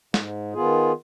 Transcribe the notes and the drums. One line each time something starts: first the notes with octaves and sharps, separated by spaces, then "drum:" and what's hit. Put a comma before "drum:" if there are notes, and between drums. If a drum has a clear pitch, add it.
G#2, drum: snare
D#3 B3 F4 G#4